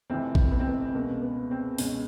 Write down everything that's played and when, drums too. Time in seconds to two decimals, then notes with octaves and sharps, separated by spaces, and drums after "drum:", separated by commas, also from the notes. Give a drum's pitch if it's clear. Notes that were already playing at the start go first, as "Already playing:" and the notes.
0.10 F1 F2 C3 E3 C4
0.35 drum: kick A1
0.51 B3
0.60 C4
0.68 B3
0.94 C#2 B2 A#3
1.22 B3
1.51 C4
1.78 C#2 B2 C#4, drum: open hi-hat